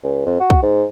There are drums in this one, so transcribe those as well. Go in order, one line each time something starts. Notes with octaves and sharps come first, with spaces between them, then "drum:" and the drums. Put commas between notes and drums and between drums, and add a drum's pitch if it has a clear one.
C#2
F2
F#4
drum: kick
G#2